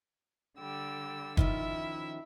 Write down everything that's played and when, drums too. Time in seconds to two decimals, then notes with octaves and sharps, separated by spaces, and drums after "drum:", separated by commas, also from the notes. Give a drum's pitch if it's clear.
0.59 D3 G3 E6
1.37 D#3 F3 C#4 E4 E5, drum: kick